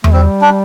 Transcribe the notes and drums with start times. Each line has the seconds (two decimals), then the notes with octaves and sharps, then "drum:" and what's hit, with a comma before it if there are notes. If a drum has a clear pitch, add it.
0.04 A3, drum: tom E2
0.13 G3 C4
0.41 D4